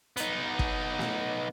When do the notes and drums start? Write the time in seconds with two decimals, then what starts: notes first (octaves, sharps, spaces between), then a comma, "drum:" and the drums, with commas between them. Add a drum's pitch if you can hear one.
0.17 B3 D#4, drum: hi-hat
0.59 drum: kick
0.99 drum: snare